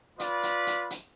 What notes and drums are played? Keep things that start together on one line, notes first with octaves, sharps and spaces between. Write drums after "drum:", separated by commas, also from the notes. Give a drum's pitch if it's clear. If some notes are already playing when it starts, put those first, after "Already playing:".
F4 B4 D5 B5, drum: hi-hat
drum: hi-hat
drum: hi-hat
drum: hi-hat